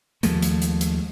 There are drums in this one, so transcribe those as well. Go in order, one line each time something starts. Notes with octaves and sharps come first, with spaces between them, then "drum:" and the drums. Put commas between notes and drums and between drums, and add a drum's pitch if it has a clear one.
D#2 F3 G#3 A3, drum: hi-hat
drum: hi-hat
drum: hi-hat
drum: hi-hat